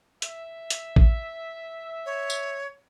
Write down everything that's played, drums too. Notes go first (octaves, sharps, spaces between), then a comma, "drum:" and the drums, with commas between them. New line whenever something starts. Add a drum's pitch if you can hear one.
E5, drum: hi-hat
drum: hi-hat
drum: kick A1
C#5
drum: tambourine